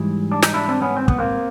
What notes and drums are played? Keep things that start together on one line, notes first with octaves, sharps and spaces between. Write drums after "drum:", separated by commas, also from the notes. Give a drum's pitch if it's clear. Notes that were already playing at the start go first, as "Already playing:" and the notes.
Already playing: G#2 E3 G3
D4
D#4, drum: snare
D4 E4
C4 D4
B3 C#4
C4
B3, drum: kick
A#3 C4